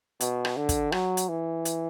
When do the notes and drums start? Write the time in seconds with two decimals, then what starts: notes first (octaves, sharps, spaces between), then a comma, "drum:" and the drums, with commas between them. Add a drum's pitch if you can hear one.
0.20 B2, drum: hi-hat
0.45 drum: rim click
0.56 D3
0.69 drum: kick, hi-hat
0.92 F#3, drum: rim click
1.17 drum: hi-hat
1.29 E3
1.65 drum: hi-hat